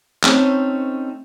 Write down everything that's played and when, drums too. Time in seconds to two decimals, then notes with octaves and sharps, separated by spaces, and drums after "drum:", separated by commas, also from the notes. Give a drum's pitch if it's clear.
0.24 A3 C4 C#4 D#4 C5 C#5, drum: clap